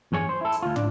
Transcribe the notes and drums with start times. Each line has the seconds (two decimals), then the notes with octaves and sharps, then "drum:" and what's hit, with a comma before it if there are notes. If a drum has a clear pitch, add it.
0.12 E2 G2 G#4 C#5
0.29 C5
0.41 E4 A4
0.52 drum: hi-hat
0.63 D2 F4
0.76 D4, drum: tom